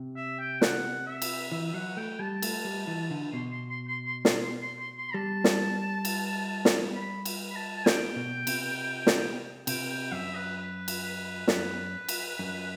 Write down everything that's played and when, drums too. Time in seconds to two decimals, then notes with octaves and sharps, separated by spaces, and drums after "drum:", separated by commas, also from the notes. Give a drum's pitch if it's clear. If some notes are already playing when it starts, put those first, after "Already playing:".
Already playing: C3
0.16 E5
0.39 G5
0.62 F#5, drum: snare
1.07 E5
1.22 drum: cymbal
1.52 E3 E5
1.68 E5
1.74 F#3 F#5
1.97 A3 G5
2.19 G3 A5
2.42 A3, drum: cymbal
2.65 G3
2.87 E3
3.11 D3
3.33 B2 C6
3.51 C6
3.70 C6
3.88 C6
4.06 C6
4.25 C6, drum: snare
4.43 C6
4.61 C6
4.79 C6
4.98 C6
5.14 G3 A5
5.44 drum: snare
6.05 drum: cymbal
6.65 drum: snare
6.95 B5
7.25 drum: cymbal
7.51 B5
7.56 A5
7.76 A5
7.86 G5, drum: snare
8.16 B2
8.47 C3, drum: cymbal
9.07 drum: snare
9.67 C3 G5, drum: cymbal
9.90 G5
10.12 F#2 E5
10.35 B4
10.58 B4
10.88 drum: cymbal
11.03 B4
11.48 F#2 B4, drum: snare
12.09 drum: cymbal
12.39 F#2